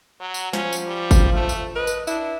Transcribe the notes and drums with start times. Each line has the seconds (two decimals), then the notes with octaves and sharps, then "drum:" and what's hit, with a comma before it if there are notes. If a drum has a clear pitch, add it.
0.20 F#3
0.34 drum: tambourine
0.53 F3 C#4, drum: snare
0.73 drum: tambourine
0.87 G3
1.11 drum: kick G1, tambourine
1.34 A3
1.49 drum: tambourine
1.76 B4 D#5
1.87 drum: tambourine
2.07 D4 E4, drum: tambourine